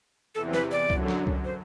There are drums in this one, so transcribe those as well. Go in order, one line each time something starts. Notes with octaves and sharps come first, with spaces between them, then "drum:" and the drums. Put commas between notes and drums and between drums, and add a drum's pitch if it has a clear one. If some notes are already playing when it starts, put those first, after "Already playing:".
E2 C3 E3 A4
B4, drum: snare
D5
F#2 D3 F#3, drum: kick C2
drum: snare
drum: kick C2
C5